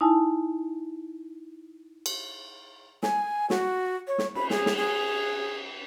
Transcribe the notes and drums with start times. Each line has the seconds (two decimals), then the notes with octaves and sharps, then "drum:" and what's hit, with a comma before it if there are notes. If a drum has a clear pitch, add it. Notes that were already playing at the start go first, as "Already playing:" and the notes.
0.01 D#4 E4 G#5 A5
2.06 drum: cymbal
3.03 G#5, drum: snare
3.50 F#4, drum: snare
4.07 C#5
4.18 drum: snare
4.35 B5, drum: cymbal
4.50 G#4, drum: snare
4.66 drum: snare
4.77 G#4